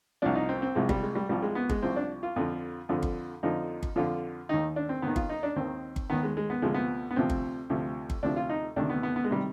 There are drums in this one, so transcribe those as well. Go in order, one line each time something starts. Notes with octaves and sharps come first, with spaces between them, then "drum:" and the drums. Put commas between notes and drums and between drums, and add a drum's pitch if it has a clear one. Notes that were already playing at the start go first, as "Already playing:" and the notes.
C2 C3 F3 D4
D#4
C4
C4
C2 C3 F3 G#3
G3, drum: kick G1
G#3
G3
C2 C3 F3 G3
G#3
B3
G#3, drum: kick G1
C2 C3 F3 C4
D4
F4
F2 D3 F3
F2 D3 F3
drum: kick G1
F2 D3 F3 D#4
drum: kick G1
F2 D3 F3 F4
D#2 D#3 D#4
D4
C4
D#2 D#3 B3
F4, drum: kick G1
D#4
D4
D#2 D#3 C4
drum: kick G1
D#2 D#3 B3
G#3
G#3
B3
D2 C3 F3 G#3
B3
B3
D2 C3 F3 C4
drum: kick G1
D2 C3 F3
drum: kick G1
D2 C3 F3 D4
F4
D#4
D2 C3 D#3 D4
B3
B3
B3
G#3
C3 D#3 G3